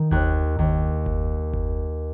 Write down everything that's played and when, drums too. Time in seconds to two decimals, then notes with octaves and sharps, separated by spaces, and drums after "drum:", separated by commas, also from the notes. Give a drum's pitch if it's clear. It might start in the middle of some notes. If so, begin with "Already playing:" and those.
Already playing: D#3
0.11 D#2 F#6, drum: kick F#1
0.59 D#2, drum: kick F#1
1.06 drum: kick F#1
1.53 drum: kick F#1